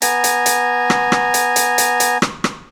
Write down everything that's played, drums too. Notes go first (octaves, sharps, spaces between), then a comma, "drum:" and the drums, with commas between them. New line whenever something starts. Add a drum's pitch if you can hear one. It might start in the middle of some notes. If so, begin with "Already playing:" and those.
B3 G#5 A#5, drum: hi-hat
drum: hi-hat
drum: hi-hat
drum: rim click
drum: rim click
drum: hi-hat
drum: hi-hat
drum: hi-hat
drum: hi-hat
drum: rim click
drum: rim click